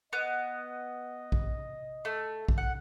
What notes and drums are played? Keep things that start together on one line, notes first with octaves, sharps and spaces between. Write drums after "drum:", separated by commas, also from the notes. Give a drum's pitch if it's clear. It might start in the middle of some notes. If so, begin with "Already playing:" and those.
B3 D#5
drum: kick A#1
A3
drum: kick A#1
F#5